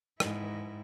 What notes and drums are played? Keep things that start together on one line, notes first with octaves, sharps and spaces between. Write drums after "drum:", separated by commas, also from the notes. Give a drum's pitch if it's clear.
G#2 E4, drum: rim click